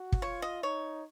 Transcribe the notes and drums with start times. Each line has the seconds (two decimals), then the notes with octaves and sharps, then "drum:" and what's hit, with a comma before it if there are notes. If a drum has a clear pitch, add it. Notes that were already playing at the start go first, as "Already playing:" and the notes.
Already playing: F#4
0.12 drum: kick
0.22 F4 C#5
0.42 D#5
0.63 D#4 C#5